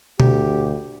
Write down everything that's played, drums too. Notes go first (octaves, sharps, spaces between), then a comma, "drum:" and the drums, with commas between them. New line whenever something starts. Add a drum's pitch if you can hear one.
D2 G4, drum: tom B2